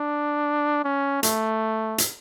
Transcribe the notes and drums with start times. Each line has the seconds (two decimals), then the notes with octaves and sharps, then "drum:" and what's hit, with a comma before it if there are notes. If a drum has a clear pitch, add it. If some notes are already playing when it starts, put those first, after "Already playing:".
Already playing: D4
0.84 C#4
1.23 A3, drum: hi-hat
1.98 drum: hi-hat